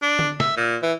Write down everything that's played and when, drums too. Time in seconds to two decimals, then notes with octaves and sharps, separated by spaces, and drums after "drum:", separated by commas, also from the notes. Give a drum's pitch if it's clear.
0.02 D4
0.19 drum: tom D3
0.40 E5, drum: snare
0.57 A#2
0.82 E3